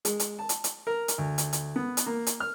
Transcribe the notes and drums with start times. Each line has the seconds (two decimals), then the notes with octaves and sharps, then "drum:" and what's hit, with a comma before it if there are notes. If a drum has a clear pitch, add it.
0.05 G#3, drum: hi-hat
0.20 drum: hi-hat
0.39 A5
0.49 drum: hi-hat
0.64 drum: hi-hat
0.87 A#4
1.08 drum: hi-hat
1.18 D2
1.38 drum: hi-hat
1.53 drum: hi-hat
1.76 B3
1.97 drum: hi-hat
2.06 A#3
2.27 drum: hi-hat
2.40 F6